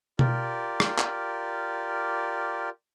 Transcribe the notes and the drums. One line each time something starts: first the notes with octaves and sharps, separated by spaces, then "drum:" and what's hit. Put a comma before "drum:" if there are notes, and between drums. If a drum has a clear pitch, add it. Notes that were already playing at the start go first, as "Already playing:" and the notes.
F4 G4 A#4 D5, drum: tom B2
drum: rim click
drum: clap